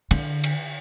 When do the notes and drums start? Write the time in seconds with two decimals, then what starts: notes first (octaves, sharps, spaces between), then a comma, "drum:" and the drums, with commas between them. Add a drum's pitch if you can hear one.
0.11 D3, drum: cymbal
0.44 drum: cymbal